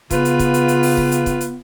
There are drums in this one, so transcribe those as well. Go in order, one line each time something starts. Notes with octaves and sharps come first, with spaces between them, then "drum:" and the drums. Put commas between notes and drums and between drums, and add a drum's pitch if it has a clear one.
C#3 B3 F4 B4, drum: kick, hi-hat
drum: hi-hat
drum: kick, hi-hat
drum: hi-hat
drum: hi-hat
drum: open hi-hat
drum: kick
drum: hi-hat
drum: kick, hi-hat
drum: hi-hat